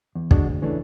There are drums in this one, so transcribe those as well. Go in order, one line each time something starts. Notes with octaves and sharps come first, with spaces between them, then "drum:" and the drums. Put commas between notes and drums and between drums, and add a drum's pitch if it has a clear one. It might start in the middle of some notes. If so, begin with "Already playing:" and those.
E2
D3 G#3 D4 F#4, drum: kick
D2
C#3 E3 A3 D4